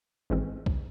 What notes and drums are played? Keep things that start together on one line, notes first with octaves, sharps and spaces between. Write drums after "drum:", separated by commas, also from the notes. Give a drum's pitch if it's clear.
G#1 G#2 E3 G#3 C4
drum: kick B1